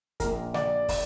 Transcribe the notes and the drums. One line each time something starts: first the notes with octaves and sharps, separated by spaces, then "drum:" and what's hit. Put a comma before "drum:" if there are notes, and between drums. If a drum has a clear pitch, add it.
A#1 A#2 A#4, drum: kick, hi-hat
D5, drum: snare
drum: kick, open hi-hat